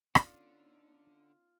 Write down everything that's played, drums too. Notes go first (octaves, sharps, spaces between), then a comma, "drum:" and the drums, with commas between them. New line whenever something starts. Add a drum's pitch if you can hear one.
D3 B3 C#4 D#4 F4 D5, drum: rim click